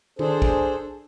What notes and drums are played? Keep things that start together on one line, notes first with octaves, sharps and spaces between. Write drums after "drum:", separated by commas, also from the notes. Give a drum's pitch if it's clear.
D4 G#4 A4 C5, drum: tom D#3
drum: kick